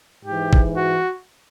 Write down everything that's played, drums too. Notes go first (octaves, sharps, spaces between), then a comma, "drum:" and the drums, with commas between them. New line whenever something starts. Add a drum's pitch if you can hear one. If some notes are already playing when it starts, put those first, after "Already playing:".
G#2 E3 G4
drum: kick
F#4